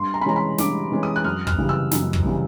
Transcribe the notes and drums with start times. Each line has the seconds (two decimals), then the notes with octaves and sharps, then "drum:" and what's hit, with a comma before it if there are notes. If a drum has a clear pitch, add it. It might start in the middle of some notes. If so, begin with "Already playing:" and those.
Already playing: G2 C6
0.14 A#5
0.21 B5
0.26 E3 G#3 C#4 A#5
0.36 B5
0.58 G2 D6, drum: snare
0.92 E3 G#3 C#4
1.03 D#6
1.16 F#6
1.24 F#2 F6
1.47 F6, drum: kick
1.58 C#3 E3 G3
1.69 E6
1.91 F#2, drum: snare
2.13 drum: kick
2.24 C#3 E3 G3